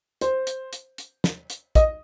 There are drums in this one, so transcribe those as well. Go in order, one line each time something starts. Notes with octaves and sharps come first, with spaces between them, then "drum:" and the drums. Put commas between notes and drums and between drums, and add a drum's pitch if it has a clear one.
C5, drum: hi-hat
drum: hi-hat
drum: hi-hat
drum: hi-hat
drum: snare
drum: hi-hat
D#5, drum: kick, hi-hat